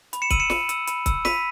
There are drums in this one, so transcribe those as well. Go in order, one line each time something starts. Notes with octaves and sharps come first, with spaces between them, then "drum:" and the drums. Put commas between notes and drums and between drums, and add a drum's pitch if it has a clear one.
B5, drum: hi-hat
C#7 E7
E6 D#7 F#7, drum: kick, hi-hat
C#7 E7
B5, drum: snare
E6, drum: hi-hat
B5, drum: hi-hat
E6, drum: kick, hi-hat
B5 B6 D#7, drum: snare